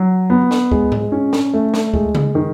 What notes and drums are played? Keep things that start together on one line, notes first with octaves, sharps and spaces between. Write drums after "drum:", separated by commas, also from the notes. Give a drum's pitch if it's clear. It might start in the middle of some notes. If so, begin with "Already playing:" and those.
Already playing: F#3
B3
drum: snare
G#3, drum: kick C#2
drum: tom G#2
C#4
drum: snare
A3
drum: snare
G#3, drum: kick C#2
drum: tom C#3
D#3